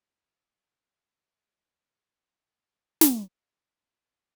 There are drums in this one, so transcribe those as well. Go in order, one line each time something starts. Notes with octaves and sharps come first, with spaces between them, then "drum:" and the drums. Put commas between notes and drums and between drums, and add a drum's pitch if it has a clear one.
A3 A#3 C4 D4 C5
E3
G3 B3 C4 D#4 A4
drum: snare
A#1 A2 E3 B3 C4 D4 F#4 G4